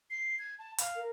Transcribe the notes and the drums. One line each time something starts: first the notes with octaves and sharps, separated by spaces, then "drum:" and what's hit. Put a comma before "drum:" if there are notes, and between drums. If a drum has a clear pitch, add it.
C7
G#6
A5
F5, drum: hi-hat
A#4